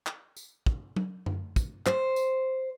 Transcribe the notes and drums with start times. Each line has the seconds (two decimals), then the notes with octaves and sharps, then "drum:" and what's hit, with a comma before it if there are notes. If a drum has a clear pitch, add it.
0.07 drum: clap
0.37 drum: tambourine
0.66 drum: kick
0.96 drum: tom F#3
1.26 drum: tom F#2
1.56 drum: kick, tambourine
1.86 C5, drum: clap
2.16 drum: tambourine